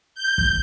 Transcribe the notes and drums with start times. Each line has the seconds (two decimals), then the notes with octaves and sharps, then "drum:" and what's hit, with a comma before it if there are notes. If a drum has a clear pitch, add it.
0.15 G6
0.38 drum: kick